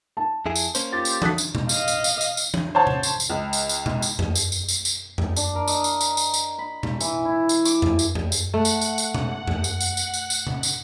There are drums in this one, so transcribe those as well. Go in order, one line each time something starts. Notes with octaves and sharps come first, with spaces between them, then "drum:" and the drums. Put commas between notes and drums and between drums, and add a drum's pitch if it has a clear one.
A5
F2 E4 G#4
drum: tambourine
A#3 C#4 C5, drum: tambourine
F4 G4 A6
drum: tambourine
F#4 A4 D#6 F#6 B6, drum: tom E3
drum: tambourine
drum: tom B2
D#5 F5, drum: tambourine
drum: tambourine
drum: tambourine
drum: tambourine
drum: tambourine
drum: tom E3
C5 C#5 F#5 A5
drum: tom C3
drum: tambourine
drum: tambourine
C#2
drum: tambourine
drum: tambourine
drum: tom B2
drum: tambourine
drum: tom
drum: tambourine
drum: tambourine
drum: tambourine
drum: tambourine
drum: tom
D4, drum: tambourine
A#4
D#5, drum: tambourine
drum: tambourine
drum: tambourine
drum: tambourine
drum: tambourine
B5
drum: tom B2
E3, drum: tambourine
E4
drum: tambourine
D6, drum: tambourine
drum: tom
drum: tambourine
drum: tom
drum: tambourine
A3 F#5
drum: tambourine
drum: tambourine
drum: tambourine
drum: tom B2
drum: tom
drum: tambourine
drum: tambourine
drum: tambourine
drum: tambourine
drum: tambourine
drum: tom C3
drum: tambourine